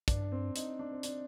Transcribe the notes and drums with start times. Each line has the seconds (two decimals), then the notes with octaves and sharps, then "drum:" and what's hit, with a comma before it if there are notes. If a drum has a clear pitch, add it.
0.08 G2 D4, drum: kick, hi-hat
0.32 C4
0.56 D#4, drum: hi-hat
0.79 D4
0.92 C4
1.03 D4, drum: hi-hat